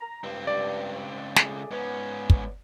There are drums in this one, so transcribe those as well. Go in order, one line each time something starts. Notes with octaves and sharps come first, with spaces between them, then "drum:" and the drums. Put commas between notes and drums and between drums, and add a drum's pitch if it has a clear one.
A#5
C#2 G2 C4
D5
A3 G#4, drum: snare
G#2 B3 C#4
drum: kick